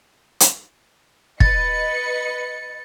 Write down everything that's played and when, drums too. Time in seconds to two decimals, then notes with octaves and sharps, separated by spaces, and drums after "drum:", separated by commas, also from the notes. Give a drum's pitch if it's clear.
0.40 drum: hi-hat
1.40 B4 D#5 A6 C#7, drum: kick